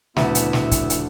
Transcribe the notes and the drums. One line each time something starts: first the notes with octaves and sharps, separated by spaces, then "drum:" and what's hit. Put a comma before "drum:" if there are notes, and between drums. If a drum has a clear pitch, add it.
D2 A#2 C#3 F3 B3 E4, drum: snare
drum: hi-hat
drum: snare
drum: kick, hi-hat
drum: hi-hat